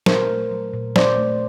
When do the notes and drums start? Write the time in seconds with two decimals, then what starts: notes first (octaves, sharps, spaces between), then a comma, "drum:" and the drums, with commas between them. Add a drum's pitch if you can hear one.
0.06 A#2 A#4 C5, drum: snare
0.29 A3
0.51 F#3
0.74 A#2
0.96 A#2 C5 D5, drum: snare
1.17 A3